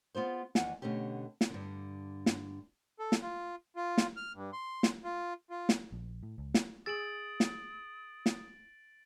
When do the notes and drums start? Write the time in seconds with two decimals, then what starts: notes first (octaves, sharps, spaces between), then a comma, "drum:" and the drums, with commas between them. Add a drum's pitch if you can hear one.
0.15 B3 F4 G#4 C5
0.55 E2 D#3 F#5 G#5, drum: snare
0.82 B2 D3 A3 C#4 G4
1.41 drum: snare
1.50 G2 D3
2.26 drum: snare
2.99 A4
3.12 drum: snare
3.22 F4
3.76 F4
3.98 drum: snare
4.16 F6
4.34 G2
4.53 C6
4.83 drum: snare
5.04 F4
5.50 F4
5.69 drum: snare
5.92 A#1
6.23 A2
6.38 C#2
6.54 drum: snare
6.86 G#4 D#6 E6 A6 D7 F#7
7.40 drum: snare
8.26 drum: snare